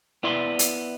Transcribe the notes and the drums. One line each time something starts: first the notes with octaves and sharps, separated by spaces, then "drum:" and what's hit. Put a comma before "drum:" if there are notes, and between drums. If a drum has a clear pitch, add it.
B3 E4 D5 C6
drum: hi-hat